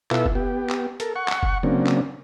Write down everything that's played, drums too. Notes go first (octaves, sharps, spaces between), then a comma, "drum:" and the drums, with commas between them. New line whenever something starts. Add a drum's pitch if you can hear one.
B2 E4 F4 A4 B4 E5, drum: clap
drum: kick F#1
B3 G4
drum: clap
A4 A#4, drum: hi-hat
F#5 C#6
drum: clap
drum: kick F#1
C#3 F#3 A#3 C4 D4
drum: clap